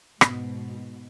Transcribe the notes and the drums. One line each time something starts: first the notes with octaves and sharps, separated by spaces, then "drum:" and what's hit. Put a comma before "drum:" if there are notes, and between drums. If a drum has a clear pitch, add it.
G#2 B2, drum: rim click